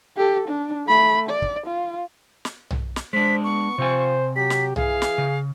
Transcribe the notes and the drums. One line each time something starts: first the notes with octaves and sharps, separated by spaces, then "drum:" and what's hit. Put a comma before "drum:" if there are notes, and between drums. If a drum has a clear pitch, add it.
G4 A4
D4
A3 B5
D5
drum: kick
F4
drum: snare
drum: tom B1
drum: snare
G#3 D4 C5 B6
B3 C#6
C3 C4 F4 C5 G#5
F#3 G4 B6
drum: snare
E3 G#4 F5, drum: tom B1
drum: snare
C#3